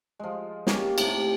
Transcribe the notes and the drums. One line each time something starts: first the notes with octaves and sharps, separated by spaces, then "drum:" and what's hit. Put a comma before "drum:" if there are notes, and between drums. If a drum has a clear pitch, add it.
F3 G#3
A#3 C#4 F4 G4, drum: snare
A2 C3, drum: cymbal